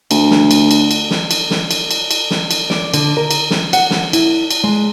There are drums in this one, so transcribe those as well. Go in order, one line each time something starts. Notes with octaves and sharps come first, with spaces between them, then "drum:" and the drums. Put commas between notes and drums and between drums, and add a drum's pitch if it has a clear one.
D2, drum: cymbal
drum: snare
drum: cymbal
drum: cymbal
drum: cymbal
drum: snare
drum: cymbal
drum: snare
drum: cymbal
drum: cymbal
drum: cymbal
drum: snare
drum: cymbal
D5, drum: snare
D3, drum: cymbal
A#4
drum: cymbal
drum: snare
F#5, drum: cymbal
drum: snare
E4, drum: cymbal
drum: cymbal
G#3